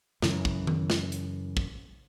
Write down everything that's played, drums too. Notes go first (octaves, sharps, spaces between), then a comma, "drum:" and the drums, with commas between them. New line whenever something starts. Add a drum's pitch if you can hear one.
F#2 C#3 E3, drum: snare
drum: kick
drum: tom D#3
drum: snare
drum: hi-hat
drum: kick